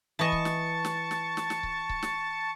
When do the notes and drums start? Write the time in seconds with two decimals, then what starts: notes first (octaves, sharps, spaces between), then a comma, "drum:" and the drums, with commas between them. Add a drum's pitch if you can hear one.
0.19 E3 D#5 A5 C#6
0.32 drum: kick C#1
0.45 drum: snare
0.85 drum: snare
1.11 drum: snare
1.37 drum: snare
1.50 drum: snare
1.63 drum: kick C#1
1.89 drum: kick C#1
2.03 drum: snare